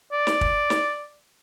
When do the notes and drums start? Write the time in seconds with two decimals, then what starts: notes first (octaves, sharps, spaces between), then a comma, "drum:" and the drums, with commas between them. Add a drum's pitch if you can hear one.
0.12 D5
0.27 drum: snare
0.41 drum: kick
0.70 drum: snare